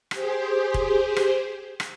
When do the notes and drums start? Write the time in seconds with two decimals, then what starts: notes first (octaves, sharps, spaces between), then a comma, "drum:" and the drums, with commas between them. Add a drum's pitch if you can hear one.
0.11 G4 G#4 C5, drum: rim click
0.74 drum: kick
1.16 drum: rim click
1.80 drum: rim click